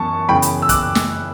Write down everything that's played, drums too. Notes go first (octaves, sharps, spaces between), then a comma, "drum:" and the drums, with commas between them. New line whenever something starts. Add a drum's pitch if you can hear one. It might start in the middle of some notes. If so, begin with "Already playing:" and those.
Already playing: F#2 E3 B3 A5 C#6
F#2 C#3 E3 B3 G5 B5
drum: hi-hat
E6
D6 F#6, drum: kick, hi-hat
drum: snare